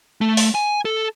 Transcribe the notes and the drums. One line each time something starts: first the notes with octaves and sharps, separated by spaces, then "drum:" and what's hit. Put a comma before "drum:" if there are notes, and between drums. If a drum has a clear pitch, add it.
A3
drum: open hi-hat
G#5
A4